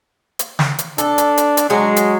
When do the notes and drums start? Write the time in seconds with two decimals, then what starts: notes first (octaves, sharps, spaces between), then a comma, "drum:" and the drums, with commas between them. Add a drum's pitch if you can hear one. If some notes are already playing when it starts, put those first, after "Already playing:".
0.39 drum: hi-hat
0.59 drum: snare
0.78 drum: hi-hat
0.98 D4 A4, drum: hi-hat
1.18 drum: hi-hat
1.37 drum: hi-hat
1.57 drum: hi-hat
1.70 F#3 G#3 G#4
1.96 drum: hi-hat